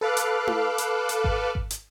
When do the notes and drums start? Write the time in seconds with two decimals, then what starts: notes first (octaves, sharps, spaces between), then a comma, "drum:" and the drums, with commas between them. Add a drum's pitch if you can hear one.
0.01 A4 B4 F5 D6 F#6
0.17 drum: hi-hat
0.47 drum: tom E4
0.78 drum: hi-hat
1.09 drum: hi-hat
1.24 drum: kick G#1
1.55 drum: kick G#1
1.70 drum: hi-hat